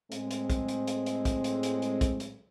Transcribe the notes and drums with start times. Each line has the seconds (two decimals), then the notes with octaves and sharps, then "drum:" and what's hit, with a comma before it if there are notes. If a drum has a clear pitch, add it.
0.12 A2 G#3 C4, drum: hi-hat
0.31 drum: hi-hat
0.50 drum: kick, hi-hat
0.68 drum: hi-hat
0.87 drum: hi-hat
1.06 drum: hi-hat
1.25 drum: kick, hi-hat
1.44 drum: hi-hat
1.63 drum: hi-hat
1.82 drum: hi-hat
2.01 drum: kick, hi-hat
2.20 drum: hi-hat